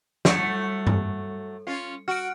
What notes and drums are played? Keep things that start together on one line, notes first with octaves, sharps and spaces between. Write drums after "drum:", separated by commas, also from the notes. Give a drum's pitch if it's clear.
F#3 G3 A3 A4, drum: snare
drum: tom G2
C#4 F4
F#4 F6 D7